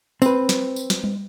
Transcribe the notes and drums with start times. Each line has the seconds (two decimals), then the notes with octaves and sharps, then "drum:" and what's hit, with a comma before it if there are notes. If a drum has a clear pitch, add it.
0.22 C4 B4, drum: tambourine
0.49 drum: snare
0.76 drum: tambourine
0.90 drum: snare
1.04 drum: tom G3